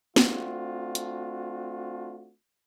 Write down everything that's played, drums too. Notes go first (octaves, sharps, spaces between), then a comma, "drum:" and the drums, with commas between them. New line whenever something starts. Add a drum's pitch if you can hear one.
A3 C4 D4 F4 F#4, drum: snare
drum: hi-hat